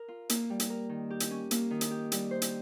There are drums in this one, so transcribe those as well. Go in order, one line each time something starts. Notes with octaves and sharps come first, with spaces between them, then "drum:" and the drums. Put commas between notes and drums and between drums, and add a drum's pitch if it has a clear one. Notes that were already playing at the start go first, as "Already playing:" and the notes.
Already playing: A#4
F4
A#3, drum: hi-hat
G3
drum: hi-hat
A#4
D#3
G4
drum: hi-hat
C#4
A#3, drum: hi-hat
D#3
drum: hi-hat
G4
G3, drum: hi-hat
C5
drum: hi-hat